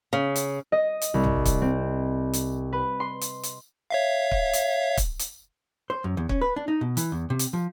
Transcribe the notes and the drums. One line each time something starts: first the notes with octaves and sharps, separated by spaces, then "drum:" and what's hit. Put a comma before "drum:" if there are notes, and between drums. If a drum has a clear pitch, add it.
C#3
drum: hi-hat
D#5
drum: hi-hat
C2
drum: tom A1
drum: kick, hi-hat
C4
drum: hi-hat
B4
C6
drum: hi-hat
drum: hi-hat
C#5 E5 F5
drum: kick
drum: hi-hat
drum: kick, hi-hat
drum: hi-hat
C5
F#2
E2
C#4, drum: kick
B4
D4
D#4
B2
E3, drum: hi-hat
E2
C3
drum: hi-hat
F3